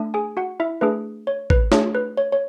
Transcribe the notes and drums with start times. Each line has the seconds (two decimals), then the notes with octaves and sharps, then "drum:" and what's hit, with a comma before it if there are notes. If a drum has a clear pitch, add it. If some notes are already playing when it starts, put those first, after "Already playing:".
Already playing: A3 D4
0.14 G#4 G#5
0.37 F#4 F#5
0.60 E4 E5
0.81 A3 D4 G#4 B4
1.27 C#5
1.50 B4, drum: kick
1.72 A3 D4 G#4 C#5, drum: snare
1.95 B4
2.17 C#5
2.32 C#5